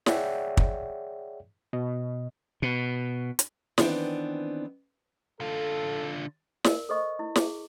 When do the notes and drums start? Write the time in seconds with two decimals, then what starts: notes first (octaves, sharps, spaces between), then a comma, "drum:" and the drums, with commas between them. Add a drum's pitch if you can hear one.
0.06 G#4 C#5 D5 E5 F#5 G5, drum: snare
0.57 drum: kick
1.73 B2 D#5
2.62 B2
3.39 drum: hi-hat
3.78 D#3 E3 A3 B3 C4 D4, drum: snare
5.41 D3 F4 A4
6.64 A#4 D5, drum: snare
6.89 A4 C5 D#5 C#6
7.19 E4
7.36 G#4, drum: snare